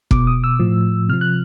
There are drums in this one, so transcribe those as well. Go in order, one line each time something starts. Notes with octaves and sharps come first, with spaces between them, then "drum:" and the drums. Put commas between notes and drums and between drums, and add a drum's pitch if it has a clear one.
B2 D6, drum: kick
D#6
E6
A2 F3
C3 F3 F6
F#6